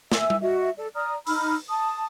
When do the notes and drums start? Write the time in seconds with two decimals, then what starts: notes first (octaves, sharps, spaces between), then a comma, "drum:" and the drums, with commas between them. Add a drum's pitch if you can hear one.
0.12 E5 G#5 E6, drum: snare
0.30 drum: tom G3
0.41 F#4 D#5 E5
0.77 A4 D5
0.95 D5 A#5 D#6 F6
1.27 D#4 B5 E6 F6, drum: open hi-hat
1.70 A5 D#6